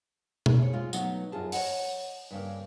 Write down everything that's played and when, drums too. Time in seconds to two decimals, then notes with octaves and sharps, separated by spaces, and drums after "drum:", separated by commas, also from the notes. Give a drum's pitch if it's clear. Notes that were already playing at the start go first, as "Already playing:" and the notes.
0.46 drum: tom B2
0.58 G#4 C#5
0.73 G#3 F4
0.93 F#3 A3 B3 D#4, drum: tambourine
1.32 F#2 F4 G#4 A5
1.52 C#5 D#5 F#5, drum: open hi-hat
2.31 G2 C#3 A#3